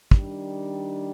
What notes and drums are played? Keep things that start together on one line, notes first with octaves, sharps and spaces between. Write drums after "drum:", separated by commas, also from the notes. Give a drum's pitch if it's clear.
D#3 G3 D4, drum: kick